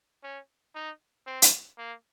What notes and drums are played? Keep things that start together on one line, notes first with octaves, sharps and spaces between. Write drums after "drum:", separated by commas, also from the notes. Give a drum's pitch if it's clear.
C#4
D#4
C4
drum: hi-hat
A#3